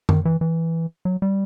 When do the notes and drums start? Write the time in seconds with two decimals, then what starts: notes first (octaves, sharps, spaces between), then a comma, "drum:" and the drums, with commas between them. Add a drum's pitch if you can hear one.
0.09 D#3, drum: tom F#2
0.25 E3
0.41 E3
1.05 F#3
1.22 G3